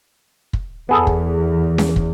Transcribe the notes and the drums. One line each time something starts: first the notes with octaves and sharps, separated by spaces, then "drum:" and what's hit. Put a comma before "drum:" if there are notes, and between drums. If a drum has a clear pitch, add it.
drum: kick
E2 B3 G#4 A4
drum: kick
drum: snare C#4
drum: kick